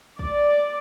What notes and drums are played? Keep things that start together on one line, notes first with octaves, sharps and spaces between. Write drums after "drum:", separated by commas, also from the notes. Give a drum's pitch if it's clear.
D5, drum: kick